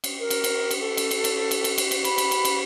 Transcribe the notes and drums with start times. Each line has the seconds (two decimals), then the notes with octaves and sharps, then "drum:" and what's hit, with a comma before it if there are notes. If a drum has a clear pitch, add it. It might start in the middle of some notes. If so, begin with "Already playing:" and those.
0.04 drum: cymbal
0.20 A#4
0.30 drum: cymbal
0.44 drum: cymbal
0.71 drum: cymbal
0.80 A4
0.97 drum: cymbal
1.11 drum: cymbal
1.24 drum: cymbal
1.51 drum: cymbal
1.64 drum: cymbal
1.78 drum: cymbal
1.91 drum: cymbal
2.05 B5, drum: cymbal
2.18 drum: cymbal
2.31 drum: cymbal
2.45 drum: cymbal